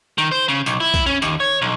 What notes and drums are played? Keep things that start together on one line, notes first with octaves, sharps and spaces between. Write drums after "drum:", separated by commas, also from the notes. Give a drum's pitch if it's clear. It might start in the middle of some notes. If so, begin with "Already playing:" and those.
D#3
C5
C#3
B1, drum: tambourine
E4
drum: kick, tambourine
C#4
D#2, drum: tambourine
C#5
B1